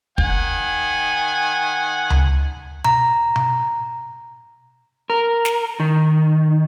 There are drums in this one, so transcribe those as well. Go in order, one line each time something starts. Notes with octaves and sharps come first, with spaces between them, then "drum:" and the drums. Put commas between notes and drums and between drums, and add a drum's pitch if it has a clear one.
D#3 F#5 G#5, drum: kick
drum: tom C#2
A#5, drum: tom B2
drum: tom B2
A#4
drum: snare
D#3